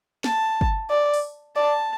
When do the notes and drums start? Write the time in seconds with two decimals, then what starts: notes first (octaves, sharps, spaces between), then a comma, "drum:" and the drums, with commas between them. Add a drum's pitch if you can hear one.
0.24 A5, drum: snare
0.61 drum: kick
0.90 D5
1.14 drum: open hi-hat
1.56 D5 A5